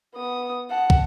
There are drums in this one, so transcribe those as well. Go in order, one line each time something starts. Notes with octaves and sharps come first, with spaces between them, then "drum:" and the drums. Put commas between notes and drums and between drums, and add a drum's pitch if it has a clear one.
B3 D#6
F#5 A5
drum: kick